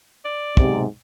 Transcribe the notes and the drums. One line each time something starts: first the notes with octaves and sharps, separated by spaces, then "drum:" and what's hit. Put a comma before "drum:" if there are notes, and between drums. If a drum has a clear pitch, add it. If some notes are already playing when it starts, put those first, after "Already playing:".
D5
B1 G#2 C3, drum: kick